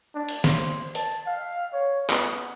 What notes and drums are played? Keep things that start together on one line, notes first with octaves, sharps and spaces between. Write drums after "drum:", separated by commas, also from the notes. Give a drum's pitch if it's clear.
D4
drum: cymbal
C5, drum: snare D#3
A5, drum: hi-hat
F5
C#5
B3, drum: clap